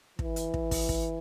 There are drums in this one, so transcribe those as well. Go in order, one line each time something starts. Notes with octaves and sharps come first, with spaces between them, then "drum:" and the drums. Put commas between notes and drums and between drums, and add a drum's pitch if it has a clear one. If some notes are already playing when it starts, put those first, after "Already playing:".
E3, drum: kick
drum: hi-hat
drum: kick
drum: kick, open hi-hat
drum: kick